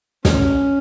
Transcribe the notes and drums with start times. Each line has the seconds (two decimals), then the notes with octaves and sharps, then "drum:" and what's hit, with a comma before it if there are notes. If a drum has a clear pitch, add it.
0.25 C#4, drum: snare